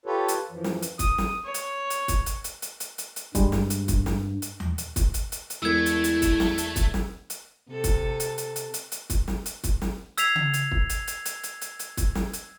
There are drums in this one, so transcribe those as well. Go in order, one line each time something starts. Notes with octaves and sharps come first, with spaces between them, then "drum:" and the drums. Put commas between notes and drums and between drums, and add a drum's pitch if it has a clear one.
F4 G4 A4 B4 C#5
drum: hi-hat
F#2 E3 F3
drum: snare
drum: hi-hat
D#6, drum: kick, hi-hat
drum: snare
C#5
drum: hi-hat
drum: hi-hat
drum: kick, hi-hat
drum: hi-hat
drum: hi-hat
drum: hi-hat
drum: hi-hat
drum: hi-hat
drum: hi-hat
G2 G3 G#3, drum: kick, hi-hat
drum: snare
drum: hi-hat
drum: kick, hi-hat
drum: snare
drum: hi-hat
drum: tom D#2
drum: hi-hat
drum: kick, hi-hat
drum: hi-hat
drum: hi-hat
drum: hi-hat
E1 A3 E4 A#4 E6 G#6
drum: hi-hat
drum: hi-hat
drum: kick, hi-hat
drum: snare
drum: hi-hat
drum: kick, hi-hat
drum: snare
drum: hi-hat
C3 A4
drum: kick, hi-hat
drum: hi-hat
drum: hi-hat
drum: hi-hat
drum: hi-hat
drum: hi-hat
drum: kick, hi-hat
drum: snare
drum: hi-hat
drum: kick, hi-hat
drum: snare
E6 G#6 B6 C7 F7, drum: hi-hat
drum: tom C#3
drum: hi-hat
drum: kick
drum: hi-hat
drum: hi-hat
drum: hi-hat
drum: hi-hat
drum: hi-hat
drum: hi-hat
drum: kick, hi-hat
drum: snare
drum: hi-hat